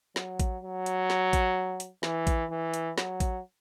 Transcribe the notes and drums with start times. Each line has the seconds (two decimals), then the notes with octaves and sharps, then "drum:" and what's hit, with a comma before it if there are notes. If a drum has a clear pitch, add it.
0.16 F#3, drum: snare
0.39 drum: kick A1, hi-hat
0.63 F#3
0.86 drum: hi-hat
1.10 drum: snare
1.33 drum: kick A1, hi-hat
1.80 drum: hi-hat
2.03 E3, drum: snare
2.27 drum: kick A1, hi-hat
2.50 E3
2.74 drum: hi-hat
2.98 F#3, drum: snare
3.20 drum: kick A1, hi-hat